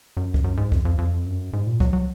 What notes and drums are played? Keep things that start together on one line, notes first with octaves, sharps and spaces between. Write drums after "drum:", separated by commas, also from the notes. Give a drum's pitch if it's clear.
F#2
drum: kick C2
F#2
G#2
F2, drum: kick C2
F2
F2
F#2
G#2
A#2
F#3, drum: kick C2
F#3